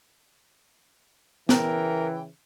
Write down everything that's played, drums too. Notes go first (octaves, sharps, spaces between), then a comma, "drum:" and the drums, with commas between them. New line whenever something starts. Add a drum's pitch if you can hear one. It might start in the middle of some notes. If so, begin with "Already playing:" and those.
C#3 E3 A#4 G5, drum: snare